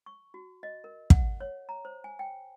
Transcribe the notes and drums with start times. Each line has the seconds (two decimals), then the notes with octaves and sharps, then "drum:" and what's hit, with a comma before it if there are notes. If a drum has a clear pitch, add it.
0.06 C#6
0.34 F#4
0.63 D#5
0.84 A#4
1.10 F#5, drum: kick
1.41 C#5
1.69 A#5
1.85 C5
2.04 G#5
2.19 G5